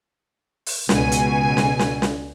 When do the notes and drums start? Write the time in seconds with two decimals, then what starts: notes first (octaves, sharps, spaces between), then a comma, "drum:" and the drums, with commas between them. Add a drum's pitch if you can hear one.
0.66 drum: open hi-hat
0.89 C#2 B2 G#5, drum: snare
1.12 drum: hi-hat
1.57 drum: snare
1.79 drum: snare
2.02 drum: snare